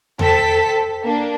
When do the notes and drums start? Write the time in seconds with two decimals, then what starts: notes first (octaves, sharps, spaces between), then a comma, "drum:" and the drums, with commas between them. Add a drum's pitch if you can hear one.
0.19 A4 C5 G5 A5 B6, drum: tom E2
1.03 A#3 D4